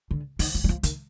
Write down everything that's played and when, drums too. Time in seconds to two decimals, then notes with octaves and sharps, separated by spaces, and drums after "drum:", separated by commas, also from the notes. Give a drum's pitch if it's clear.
0.11 D3
0.39 D#3, drum: open hi-hat
0.54 F3
0.64 G3
0.69 F3
0.83 D#3, drum: hi-hat